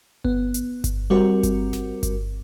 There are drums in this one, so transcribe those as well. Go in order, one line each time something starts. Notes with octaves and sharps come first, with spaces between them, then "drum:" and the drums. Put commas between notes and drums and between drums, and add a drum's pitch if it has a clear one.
B3, drum: kick G1
drum: hi-hat
drum: kick G1, hi-hat
G3 C4 F#4 A#4
drum: kick G1, hi-hat
drum: snare G#1
drum: kick G1, hi-hat